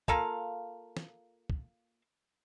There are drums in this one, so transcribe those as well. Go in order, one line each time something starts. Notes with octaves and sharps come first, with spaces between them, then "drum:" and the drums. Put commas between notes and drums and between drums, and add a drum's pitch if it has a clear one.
A#3 F4 A4 F5, drum: kick
drum: snare
drum: kick